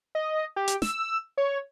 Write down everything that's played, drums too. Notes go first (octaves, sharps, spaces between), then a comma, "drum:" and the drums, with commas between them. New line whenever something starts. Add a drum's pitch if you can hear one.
D#5
G4
drum: hi-hat
E6, drum: snare
C#5